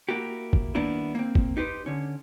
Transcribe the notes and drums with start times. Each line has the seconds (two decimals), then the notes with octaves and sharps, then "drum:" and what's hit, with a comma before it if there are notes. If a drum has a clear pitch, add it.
0.09 A#3 E4 F#4 G4
0.53 drum: kick
0.75 D#3 G3 A#3 B3 D4 E4
1.15 A#3 C4
1.35 drum: kick
1.57 D#4 G4 B4 C5
1.86 D3 C#4